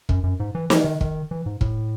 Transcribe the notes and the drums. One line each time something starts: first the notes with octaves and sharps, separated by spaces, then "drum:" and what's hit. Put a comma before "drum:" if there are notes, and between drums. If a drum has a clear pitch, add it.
F#2, drum: kick
F#2
G#2
E3
E3, drum: snare
D#3
D#3, drum: kick
E3
G#2
A2, drum: kick